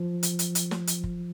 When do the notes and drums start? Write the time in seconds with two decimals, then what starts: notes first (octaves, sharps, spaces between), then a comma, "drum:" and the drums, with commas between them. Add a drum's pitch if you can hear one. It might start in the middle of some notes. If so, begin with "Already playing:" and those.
Already playing: F3
0.23 drum: hi-hat
0.39 drum: hi-hat
0.55 drum: hi-hat
0.71 drum: snare
0.87 drum: hi-hat
1.04 drum: kick F#1